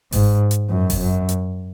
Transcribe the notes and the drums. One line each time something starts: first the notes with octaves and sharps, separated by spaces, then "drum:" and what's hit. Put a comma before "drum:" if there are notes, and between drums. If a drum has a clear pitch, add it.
G#2, drum: kick G1, open hi-hat
drum: hi-hat
F#2
drum: kick G1, open hi-hat
F#2
drum: hi-hat